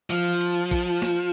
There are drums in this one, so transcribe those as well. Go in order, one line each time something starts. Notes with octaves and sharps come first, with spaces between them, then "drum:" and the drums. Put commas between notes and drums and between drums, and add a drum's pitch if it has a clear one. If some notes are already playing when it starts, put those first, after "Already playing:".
F3, drum: cymbal
drum: cymbal
drum: kick, cymbal
drum: snare